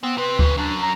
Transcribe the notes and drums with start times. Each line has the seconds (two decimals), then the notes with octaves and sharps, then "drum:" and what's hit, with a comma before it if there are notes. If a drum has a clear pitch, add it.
0.03 B3 C4
0.18 C3 B4
0.39 F2 C#3, drum: kick D2
0.58 F#2 D4
0.82 A#5